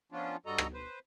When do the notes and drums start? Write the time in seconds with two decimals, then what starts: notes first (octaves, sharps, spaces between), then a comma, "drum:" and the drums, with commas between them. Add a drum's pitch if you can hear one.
0.12 F3 B3 C#4 D4 F4
0.46 G2 G3 F#4 A4 D#5 A#5
0.58 drum: rim click
0.73 B4 C5